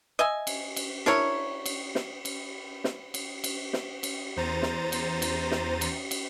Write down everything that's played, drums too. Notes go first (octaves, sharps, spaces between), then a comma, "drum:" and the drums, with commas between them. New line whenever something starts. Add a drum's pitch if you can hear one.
D#5 E5 G#5
drum: cymbal
drum: cymbal
D4 E4 A#4 C#5, drum: snare
drum: cymbal
drum: snare
drum: cymbal
drum: snare
drum: cymbal
drum: cymbal
drum: snare
drum: cymbal
E2 C5 A#5 A6 D#7
drum: snare
drum: cymbal
drum: cymbal
drum: snare
drum: cymbal
drum: cymbal